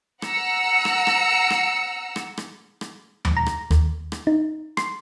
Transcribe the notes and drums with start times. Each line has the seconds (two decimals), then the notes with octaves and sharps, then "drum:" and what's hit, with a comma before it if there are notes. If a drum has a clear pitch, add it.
0.22 F#5 A#5 E6 C#7, drum: rim click
0.85 drum: rim click
1.07 drum: rim click
1.50 drum: rim click
2.16 drum: rim click
2.37 drum: rim click
2.81 drum: rim click
3.25 drum: tom D#2
3.37 A#5
3.46 drum: rim click
3.71 D#2, drum: rim click
4.12 drum: rim click
4.27 D#4
4.77 C6, drum: rim click